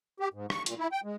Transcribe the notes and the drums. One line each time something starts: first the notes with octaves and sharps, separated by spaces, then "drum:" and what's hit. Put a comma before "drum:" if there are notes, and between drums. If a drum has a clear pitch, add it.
G4
G#2
C#6, drum: rim click
A#2, drum: hi-hat
E4
G5
G#3